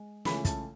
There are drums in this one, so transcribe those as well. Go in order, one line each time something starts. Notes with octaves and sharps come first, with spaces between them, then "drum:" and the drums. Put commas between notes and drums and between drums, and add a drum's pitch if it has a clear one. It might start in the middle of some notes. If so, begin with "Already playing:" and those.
Already playing: G#3
C#2 C#3 E3 A3 B5, drum: snare
A5, drum: kick, hi-hat